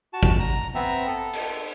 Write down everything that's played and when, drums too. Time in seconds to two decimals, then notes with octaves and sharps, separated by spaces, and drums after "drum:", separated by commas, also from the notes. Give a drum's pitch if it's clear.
0.13 F#4 A5
0.23 drum: kick G#1
0.40 A#5
0.75 B3 C4 E5 A#5
1.07 A4
1.33 drum: open hi-hat